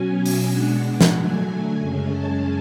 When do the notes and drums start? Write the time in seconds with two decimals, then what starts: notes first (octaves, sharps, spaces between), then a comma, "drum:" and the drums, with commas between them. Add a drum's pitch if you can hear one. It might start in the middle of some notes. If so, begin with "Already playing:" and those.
Already playing: B2 F#3 C#4 G#5
0.26 drum: open hi-hat
0.51 B2 G#3 D4 F#5
1.01 drum: snare
1.16 D3 F#3 A3 G#5
1.80 F#2 C#3 G#3 C#4 G#5
2.12 A5